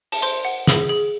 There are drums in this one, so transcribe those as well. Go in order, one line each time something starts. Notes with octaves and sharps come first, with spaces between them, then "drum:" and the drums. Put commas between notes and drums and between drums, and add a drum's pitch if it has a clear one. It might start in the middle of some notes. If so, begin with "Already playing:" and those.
A5, drum: open hi-hat
C5 C6
F#5
G#4, drum: snare
G#4